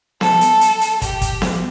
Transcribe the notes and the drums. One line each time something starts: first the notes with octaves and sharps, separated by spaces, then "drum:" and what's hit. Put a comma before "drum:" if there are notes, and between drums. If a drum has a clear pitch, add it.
A4, drum: snare B3
drum: hi-hat
drum: hi-hat
drum: hi-hat
G4, drum: kick, hi-hat
drum: kick, hi-hat
drum: snare B3